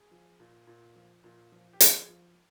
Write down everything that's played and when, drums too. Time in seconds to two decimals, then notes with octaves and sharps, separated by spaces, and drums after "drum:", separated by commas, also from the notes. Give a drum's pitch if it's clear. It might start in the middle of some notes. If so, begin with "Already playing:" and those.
Already playing: G#4
0.11 F3
0.40 A#2
0.67 A#2
0.96 F3
1.24 A#2
1.52 F3
1.73 G4
1.80 F3 G#4, drum: hi-hat
2.09 F3